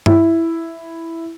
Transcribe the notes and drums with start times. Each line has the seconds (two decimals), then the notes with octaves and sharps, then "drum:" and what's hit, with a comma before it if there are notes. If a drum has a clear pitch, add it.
0.06 E4, drum: tom G2